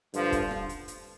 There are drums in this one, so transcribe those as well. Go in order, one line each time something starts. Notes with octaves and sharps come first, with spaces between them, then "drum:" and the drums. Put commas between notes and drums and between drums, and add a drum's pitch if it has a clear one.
G2 D3 F3, drum: hi-hat
drum: kick, hi-hat
drum: rim click
drum: hi-hat
drum: hi-hat